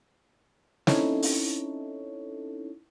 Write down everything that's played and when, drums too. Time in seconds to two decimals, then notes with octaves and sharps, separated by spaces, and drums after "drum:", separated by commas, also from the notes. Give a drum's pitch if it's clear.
0.87 C4 C#4 D#4 E4 A4 C#5, drum: snare
1.22 drum: open hi-hat